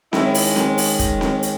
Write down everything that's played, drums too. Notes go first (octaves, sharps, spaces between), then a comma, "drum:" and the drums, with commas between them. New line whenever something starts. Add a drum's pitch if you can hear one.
D#3 G#3 C#4 E4, drum: snare C4
drum: open hi-hat
drum: snare C4
drum: open hi-hat
drum: kick, hi-hat
drum: snare C4
drum: hi-hat